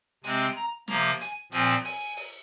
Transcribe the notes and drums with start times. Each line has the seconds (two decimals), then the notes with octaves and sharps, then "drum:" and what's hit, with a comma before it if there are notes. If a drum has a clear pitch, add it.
0.24 C3 G#3 C4 G#5, drum: hi-hat
0.56 A#5
0.88 C3 F3 A#3 A#5, drum: snare
1.21 G#5, drum: hi-hat
1.52 A#2 F3 C4 G#5, drum: hi-hat
1.84 G#5, drum: open hi-hat
2.17 drum: open hi-hat